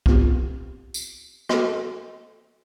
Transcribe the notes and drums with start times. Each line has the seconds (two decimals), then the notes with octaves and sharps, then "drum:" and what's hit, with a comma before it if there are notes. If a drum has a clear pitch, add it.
0.06 B3 C4 F4 G4, drum: kick B1
0.94 drum: tambourine
1.49 F#4 A4, drum: rim click